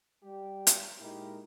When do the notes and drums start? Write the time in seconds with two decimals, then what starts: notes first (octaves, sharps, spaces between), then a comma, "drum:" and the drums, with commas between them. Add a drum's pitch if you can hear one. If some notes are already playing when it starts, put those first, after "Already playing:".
0.23 G3 G4
0.67 drum: hi-hat
1.00 A#2 G#3 D#4 E4 G4 A#4